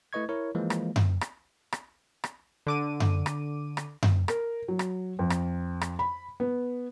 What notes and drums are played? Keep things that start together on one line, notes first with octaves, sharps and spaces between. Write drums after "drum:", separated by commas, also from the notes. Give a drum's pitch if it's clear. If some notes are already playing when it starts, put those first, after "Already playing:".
A3 E4 B4 D#5 C#6 G#6
E4 A#4 C#5
E3 F3 G#3 A#3
drum: rim click
drum: tom F#2
drum: rim click
drum: rim click
drum: rim click
D3 D6 D#7
drum: tom F#2
drum: rim click
drum: rim click
drum: tom F#2
A#4, drum: rim click
F#3
drum: rim click
F2
drum: rim click
drum: rim click
B5
B3